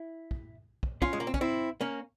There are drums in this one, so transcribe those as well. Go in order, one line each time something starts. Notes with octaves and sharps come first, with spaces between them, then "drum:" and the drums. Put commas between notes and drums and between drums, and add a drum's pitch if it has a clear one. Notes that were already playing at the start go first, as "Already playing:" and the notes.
Already playing: E4
drum: kick
drum: kick
C#4 F4, drum: kick
G#3
A#3
C4
C#4, drum: kick
C4 E4
A#3 C#4